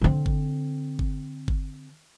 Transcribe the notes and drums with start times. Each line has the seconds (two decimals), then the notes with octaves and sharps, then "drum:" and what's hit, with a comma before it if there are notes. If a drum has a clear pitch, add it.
0.01 D3 C4
0.26 drum: kick G1
0.99 drum: kick G1
1.48 drum: kick G1